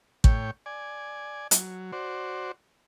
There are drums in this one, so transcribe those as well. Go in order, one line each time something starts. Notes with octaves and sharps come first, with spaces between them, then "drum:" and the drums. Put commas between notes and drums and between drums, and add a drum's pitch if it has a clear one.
A2 C#5 G5, drum: kick
D5 G#5
F#3, drum: hi-hat
F#4 C5 D5